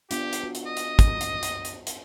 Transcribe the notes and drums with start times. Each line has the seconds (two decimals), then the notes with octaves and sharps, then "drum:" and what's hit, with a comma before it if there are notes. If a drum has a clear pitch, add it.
0.11 B3 D4 F4 G4, drum: hi-hat
0.33 drum: hi-hat
0.44 F#4
0.55 drum: hi-hat
0.66 D#5
0.77 drum: hi-hat
0.99 drum: kick, hi-hat
1.21 drum: hi-hat
1.43 drum: hi-hat
1.65 drum: hi-hat
1.87 drum: hi-hat